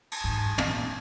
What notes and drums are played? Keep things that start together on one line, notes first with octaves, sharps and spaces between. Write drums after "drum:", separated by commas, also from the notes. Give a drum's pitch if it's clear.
drum: cymbal
G#2
A#2, drum: tom